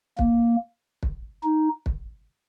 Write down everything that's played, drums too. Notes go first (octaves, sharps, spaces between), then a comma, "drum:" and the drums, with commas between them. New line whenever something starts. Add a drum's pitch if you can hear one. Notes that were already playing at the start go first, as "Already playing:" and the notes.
A#3, drum: kick
drum: kick
D#4
drum: kick